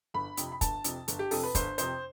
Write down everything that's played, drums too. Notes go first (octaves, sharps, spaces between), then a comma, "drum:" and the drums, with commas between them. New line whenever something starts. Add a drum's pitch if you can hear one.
G1 B5
F2 C3, drum: hi-hat
B5
G1 A5, drum: kick, hi-hat
F2 C3, drum: hi-hat
G1, drum: hi-hat
G4
F2 C3 A4, drum: open hi-hat
B4
G1 C5, drum: kick, hi-hat
F2 C3 C5, drum: hi-hat